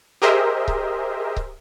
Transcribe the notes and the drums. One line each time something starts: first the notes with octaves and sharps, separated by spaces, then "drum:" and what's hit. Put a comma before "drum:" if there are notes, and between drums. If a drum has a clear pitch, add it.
G4 G#4 A#4 C5 D#5 E5
drum: kick C#1
drum: kick C#1